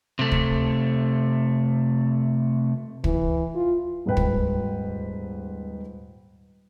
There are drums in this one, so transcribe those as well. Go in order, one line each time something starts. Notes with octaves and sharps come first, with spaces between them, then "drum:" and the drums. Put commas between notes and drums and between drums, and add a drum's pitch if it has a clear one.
C3 A3
drum: kick
E3, drum: kick
F4
D#1 G#2 B4 G5
drum: kick